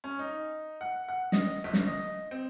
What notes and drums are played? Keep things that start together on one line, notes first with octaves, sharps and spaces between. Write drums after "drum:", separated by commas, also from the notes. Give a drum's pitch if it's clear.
C#4
D#4
F#5
F#5
D#5, drum: snare
G1
drum: snare
D#5
C4